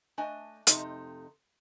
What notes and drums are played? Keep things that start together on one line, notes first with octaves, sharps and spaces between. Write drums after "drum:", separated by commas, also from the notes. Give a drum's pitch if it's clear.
A3 D4 D#5 G#5
F2 G#2 C3 A3 D#4, drum: hi-hat